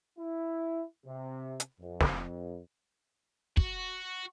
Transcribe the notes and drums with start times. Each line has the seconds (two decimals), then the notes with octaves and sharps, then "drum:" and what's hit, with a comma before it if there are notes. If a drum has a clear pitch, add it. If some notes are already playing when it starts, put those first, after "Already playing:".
0.19 E4
1.06 C3
1.60 drum: hi-hat
1.81 F2
2.01 drum: snare
3.57 F#4, drum: kick